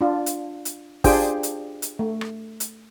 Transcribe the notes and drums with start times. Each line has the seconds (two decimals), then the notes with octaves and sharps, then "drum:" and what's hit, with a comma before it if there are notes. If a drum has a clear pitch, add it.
0.01 D4 F4
0.26 drum: hi-hat
0.65 drum: hi-hat
1.04 D4 F4 G4 G#4 C5 G5, drum: kick, open hi-hat
1.43 drum: hi-hat
1.82 drum: hi-hat
1.99 A3
2.21 drum: rim click
2.60 drum: hi-hat